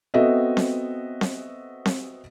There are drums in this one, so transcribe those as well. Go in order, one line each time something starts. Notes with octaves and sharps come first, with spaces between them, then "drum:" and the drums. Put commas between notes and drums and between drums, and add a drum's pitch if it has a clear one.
B3 C4 F#4 A4 D#5 E5
drum: snare C4
drum: snare C4
drum: snare C4